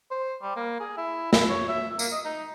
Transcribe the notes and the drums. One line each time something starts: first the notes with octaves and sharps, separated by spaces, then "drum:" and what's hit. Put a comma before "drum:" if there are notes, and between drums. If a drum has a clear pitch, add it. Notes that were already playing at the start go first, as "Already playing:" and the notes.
C5
G3
A#3
G#4
E4
E4, drum: snare
C#5
E5
A#3, drum: tambourine
D#5
D#4